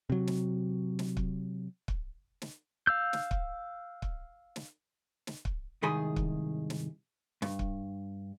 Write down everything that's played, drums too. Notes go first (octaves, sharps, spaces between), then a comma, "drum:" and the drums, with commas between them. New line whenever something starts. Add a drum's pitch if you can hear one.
C3 F#3
drum: snare
drum: snare
drum: kick
drum: kick
drum: snare
F5 E6 G6
drum: snare
drum: kick
drum: kick
drum: snare
drum: snare
drum: kick
C2 G#2 D#3 G#4 B5
drum: kick
drum: snare
G2, drum: snare
drum: kick